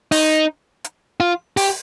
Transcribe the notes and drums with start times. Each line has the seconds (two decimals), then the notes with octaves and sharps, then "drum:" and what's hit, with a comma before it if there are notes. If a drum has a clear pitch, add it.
0.12 D#4, drum: open hi-hat
0.84 drum: hi-hat
1.20 F4
1.57 G4, drum: open hi-hat